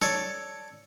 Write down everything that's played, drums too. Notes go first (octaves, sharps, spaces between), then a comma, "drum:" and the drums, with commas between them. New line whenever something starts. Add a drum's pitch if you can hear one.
A4 C#5 D5, drum: snare